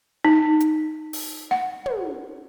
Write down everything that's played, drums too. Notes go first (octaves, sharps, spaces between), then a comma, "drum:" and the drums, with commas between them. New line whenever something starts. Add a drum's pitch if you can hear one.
D#4
drum: hi-hat
drum: open hi-hat
F#5
drum: tom